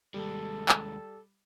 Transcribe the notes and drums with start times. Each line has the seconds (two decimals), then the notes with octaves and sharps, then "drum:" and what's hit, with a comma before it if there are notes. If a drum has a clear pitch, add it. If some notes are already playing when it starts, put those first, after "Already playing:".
0.14 D#2 G3 G#3 A4
0.69 drum: clap